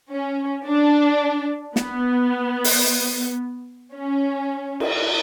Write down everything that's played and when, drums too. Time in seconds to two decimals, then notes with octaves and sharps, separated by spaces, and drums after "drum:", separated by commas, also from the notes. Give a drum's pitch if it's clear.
0.11 C#4
0.66 D4
1.76 B3, drum: snare
2.64 drum: open hi-hat
3.94 C#4
4.80 drum: cymbal